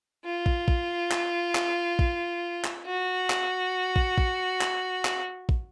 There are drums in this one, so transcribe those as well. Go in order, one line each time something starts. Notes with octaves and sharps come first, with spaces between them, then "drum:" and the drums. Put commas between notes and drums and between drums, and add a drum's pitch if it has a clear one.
F4
drum: kick
drum: kick
drum: clap
drum: clap
drum: kick
drum: clap
F#4
drum: clap
drum: kick
drum: kick
drum: clap
drum: clap
drum: kick